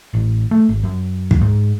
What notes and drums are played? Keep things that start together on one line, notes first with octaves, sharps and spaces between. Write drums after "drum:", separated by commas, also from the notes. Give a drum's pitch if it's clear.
A1
A3
G#1
F#2
drum: kick
G#2